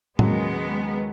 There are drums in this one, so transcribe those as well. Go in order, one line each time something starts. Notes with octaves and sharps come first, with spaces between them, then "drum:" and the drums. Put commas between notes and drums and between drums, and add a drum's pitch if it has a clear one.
D#2 C#3 F#3 G#3 A#3 B3, drum: tom A2